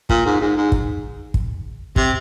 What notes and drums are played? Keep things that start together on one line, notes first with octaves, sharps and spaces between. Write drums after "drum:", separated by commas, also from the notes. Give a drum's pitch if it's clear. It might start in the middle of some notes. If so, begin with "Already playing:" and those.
A#2, drum: kick
G#2
G#2
G#2
drum: kick
drum: kick
C3, drum: kick